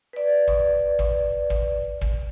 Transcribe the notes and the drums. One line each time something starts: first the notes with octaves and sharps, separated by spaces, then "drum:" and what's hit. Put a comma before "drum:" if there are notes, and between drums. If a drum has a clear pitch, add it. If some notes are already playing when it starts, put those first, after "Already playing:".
B4 D5
drum: kick
drum: kick
drum: kick
drum: kick